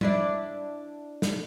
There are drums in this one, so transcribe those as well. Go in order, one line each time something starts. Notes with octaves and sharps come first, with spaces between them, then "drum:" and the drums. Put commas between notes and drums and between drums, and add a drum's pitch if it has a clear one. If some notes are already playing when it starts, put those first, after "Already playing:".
D4 E4 D5, drum: tom G3
drum: snare